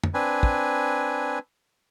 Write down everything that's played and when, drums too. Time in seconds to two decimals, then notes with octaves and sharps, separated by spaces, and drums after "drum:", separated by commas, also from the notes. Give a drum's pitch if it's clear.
0.04 drum: tom
0.14 C4 D4 B4 G#5
0.43 drum: kick